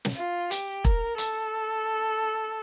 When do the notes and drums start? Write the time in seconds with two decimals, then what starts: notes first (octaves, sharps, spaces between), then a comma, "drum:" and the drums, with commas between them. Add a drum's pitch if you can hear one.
0.05 drum: snare
0.17 F4
0.51 G4, drum: hi-hat
0.85 A#4, drum: kick E1
1.18 A4, drum: hi-hat